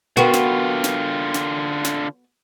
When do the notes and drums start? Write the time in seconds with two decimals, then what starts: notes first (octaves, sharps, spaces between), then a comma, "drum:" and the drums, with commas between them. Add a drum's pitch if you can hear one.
0.17 D3 B3 F4 F#4 A#4 G5
0.34 drum: snare
0.84 drum: snare
1.34 drum: snare
1.85 drum: snare